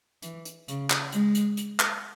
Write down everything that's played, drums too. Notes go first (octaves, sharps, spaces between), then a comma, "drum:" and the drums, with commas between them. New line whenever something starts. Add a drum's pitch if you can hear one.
E3, drum: hi-hat
drum: hi-hat
C#3, drum: hi-hat
drum: clap
G#3, drum: hi-hat
drum: hi-hat
drum: hi-hat
drum: clap